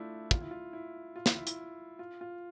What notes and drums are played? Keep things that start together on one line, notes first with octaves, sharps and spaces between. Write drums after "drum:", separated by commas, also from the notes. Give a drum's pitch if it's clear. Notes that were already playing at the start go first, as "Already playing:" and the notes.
Already playing: A3 D4 E4 F4
F4, drum: kick
E4
F4
E4
F4
E4, drum: snare
E4
E4, drum: hi-hat
F4
F4